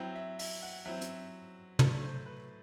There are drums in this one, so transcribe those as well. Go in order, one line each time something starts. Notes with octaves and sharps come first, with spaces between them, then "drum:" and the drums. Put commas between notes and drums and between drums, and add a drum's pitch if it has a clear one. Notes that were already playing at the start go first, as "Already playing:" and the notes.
Already playing: F#3 C4 E4 G5
E5
E5, drum: open hi-hat
F#5
F#3 C4 E4 E5
drum: hi-hat
A2 F#3 A3 D5, drum: tom
C5
B4